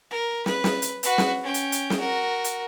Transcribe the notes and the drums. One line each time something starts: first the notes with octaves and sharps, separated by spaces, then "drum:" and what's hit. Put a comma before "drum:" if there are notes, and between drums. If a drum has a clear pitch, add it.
A#4
B4, drum: snare
drum: snare
drum: hi-hat
F#4 B4, drum: hi-hat
drum: snare
C#4 G5
drum: hi-hat
drum: hi-hat
drum: snare
F#4 A#4
drum: hi-hat